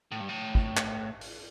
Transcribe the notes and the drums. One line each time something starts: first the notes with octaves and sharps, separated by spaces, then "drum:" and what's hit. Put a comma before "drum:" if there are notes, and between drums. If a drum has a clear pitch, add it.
A2
G2
A2
drum: kick
drum: clap
drum: open hi-hat